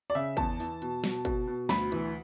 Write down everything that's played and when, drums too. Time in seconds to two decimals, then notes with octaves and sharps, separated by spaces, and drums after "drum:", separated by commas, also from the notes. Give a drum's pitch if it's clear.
0.10 D5
0.15 C#3 E5
0.37 E2 A5, drum: kick, hi-hat
0.60 E3, drum: open hi-hat
0.82 B2, drum: hi-hat
1.04 B2, drum: snare
1.25 B2, drum: kick, hi-hat
1.47 B2
1.69 D2 B5, drum: snare
1.92 E3, drum: hi-hat